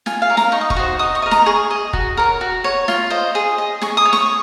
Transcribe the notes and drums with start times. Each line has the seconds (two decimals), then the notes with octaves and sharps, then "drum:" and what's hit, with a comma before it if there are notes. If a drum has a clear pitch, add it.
0.06 F4 G#5, drum: snare
0.22 F5
0.30 A#4 C#5
0.37 A#5, drum: snare
0.52 D#4 C#6
0.61 D#6
0.70 C#6, drum: kick F1
0.77 F#4 C5
0.99 D#4 D#6
1.15 C#6
1.22 A#4 D#5
1.31 A#5, drum: snare
1.46 G#4 C#6
1.71 D#5
1.93 F#4, drum: kick F1
2.17 A#4 C#5
2.41 F#4
2.64 C#5
2.88 F4, drum: snare
3.10 C5 D#5
3.35 G#4
3.58 D#5
3.81 G#4 C#6, drum: snare
3.97 D#6
4.05 C#5
4.13 C#6, drum: snare